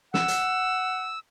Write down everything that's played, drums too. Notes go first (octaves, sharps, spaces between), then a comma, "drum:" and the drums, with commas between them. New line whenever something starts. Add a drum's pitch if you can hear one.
F#5 E6, drum: snare
drum: hi-hat